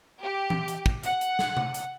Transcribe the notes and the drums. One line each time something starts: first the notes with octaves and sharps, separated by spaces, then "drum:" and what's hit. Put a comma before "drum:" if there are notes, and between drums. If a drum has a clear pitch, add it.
G4
drum: tom E3
drum: hi-hat
drum: kick
F#5, drum: hi-hat
drum: hi-hat
drum: snare
drum: tom C3
drum: hi-hat